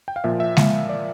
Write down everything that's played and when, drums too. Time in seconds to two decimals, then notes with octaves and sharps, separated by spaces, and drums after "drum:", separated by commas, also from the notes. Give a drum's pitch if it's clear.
0.08 G5
0.16 F5
0.24 A#2 F3 E5
0.40 E5
0.57 F5, drum: snare G#3
0.89 D5